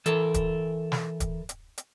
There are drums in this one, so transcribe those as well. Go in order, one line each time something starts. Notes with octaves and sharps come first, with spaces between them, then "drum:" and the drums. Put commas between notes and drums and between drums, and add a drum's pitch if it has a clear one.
E3 A4 A#4, drum: hi-hat
drum: kick, hi-hat
drum: snare
drum: kick, hi-hat
drum: hi-hat
drum: hi-hat